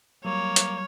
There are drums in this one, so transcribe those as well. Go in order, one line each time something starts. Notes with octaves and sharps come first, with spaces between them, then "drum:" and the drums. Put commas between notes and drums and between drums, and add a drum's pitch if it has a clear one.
F#3 G3 A#3 C#5
drum: hi-hat